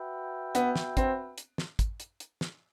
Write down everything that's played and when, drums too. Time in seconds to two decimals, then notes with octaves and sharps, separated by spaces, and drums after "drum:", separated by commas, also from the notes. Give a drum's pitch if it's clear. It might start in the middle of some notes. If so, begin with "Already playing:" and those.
Already playing: F#4 B4 E5 G5
0.55 B3, drum: hi-hat
0.76 drum: snare
0.97 C4, drum: kick, hi-hat
1.38 drum: hi-hat
1.58 drum: snare
1.79 drum: kick, hi-hat
2.00 drum: hi-hat
2.20 drum: hi-hat
2.41 drum: snare